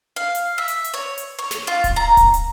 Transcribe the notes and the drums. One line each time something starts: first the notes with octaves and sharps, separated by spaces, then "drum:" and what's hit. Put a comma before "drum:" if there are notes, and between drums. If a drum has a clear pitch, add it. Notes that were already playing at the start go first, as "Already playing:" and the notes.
F5
drum: hi-hat
E5
drum: hi-hat
drum: hi-hat
C#5
drum: hi-hat
C#5
drum: snare
F4
drum: kick D1, hi-hat
A#5
drum: kick D1, hi-hat
drum: hi-hat